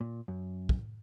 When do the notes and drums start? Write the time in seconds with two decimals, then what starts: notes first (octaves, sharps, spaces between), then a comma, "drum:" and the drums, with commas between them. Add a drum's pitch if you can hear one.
0.01 A#2
0.28 F#2
0.69 drum: kick